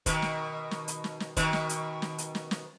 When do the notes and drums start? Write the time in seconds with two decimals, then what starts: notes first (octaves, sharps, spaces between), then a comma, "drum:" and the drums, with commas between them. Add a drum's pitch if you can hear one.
0.06 B2 D#3, drum: kick, hi-hat
0.22 drum: snare
0.71 drum: snare
0.88 drum: hi-hat
1.04 drum: snare
1.20 drum: snare
1.37 B2 D#3, drum: kick, hi-hat
1.53 drum: snare
1.69 drum: hi-hat
2.02 drum: snare
2.18 drum: hi-hat
2.35 drum: snare
2.51 drum: snare